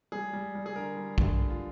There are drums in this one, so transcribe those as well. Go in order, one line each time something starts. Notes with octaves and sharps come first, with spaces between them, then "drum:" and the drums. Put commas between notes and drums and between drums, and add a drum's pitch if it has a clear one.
G3 G#4
G3
G3
G#4
D3 A#4
G3
D3, drum: kick
G3
F4